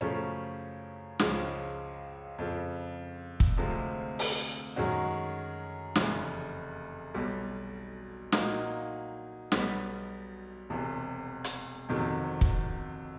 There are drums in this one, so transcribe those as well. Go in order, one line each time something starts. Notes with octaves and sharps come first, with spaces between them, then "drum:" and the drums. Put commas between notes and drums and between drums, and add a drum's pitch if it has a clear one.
F#2 C#3 F3 A3 C#4
C#2 C#3 F3 G#3 C#4, drum: snare
F2 C#3 F3
drum: kick
D2 C3 F3 G#3 C4
drum: open hi-hat
F#2 D#3 G#3 C#4 F#4
F1 E2 C#3, drum: snare
B1 B2 G3
A#2 F#3 A#3 D#4, drum: snare
B1 B2 G3 B3, drum: snare
E1 E2 C3
drum: hi-hat
G1 F2 C3 D#3 F#3
drum: kick